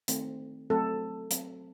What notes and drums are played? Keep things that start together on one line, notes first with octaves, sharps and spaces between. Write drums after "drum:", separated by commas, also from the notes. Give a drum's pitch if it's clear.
D#3 A3 C4, drum: hi-hat
F#3 A3 C4 A4
F#3 C4, drum: hi-hat